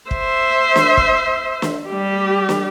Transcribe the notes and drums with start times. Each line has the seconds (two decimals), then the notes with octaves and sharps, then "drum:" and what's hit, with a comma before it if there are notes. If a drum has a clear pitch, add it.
0.11 C5 E5, drum: kick
0.76 drum: snare
0.97 drum: kick
1.62 drum: snare
1.89 G3 G4
2.49 drum: snare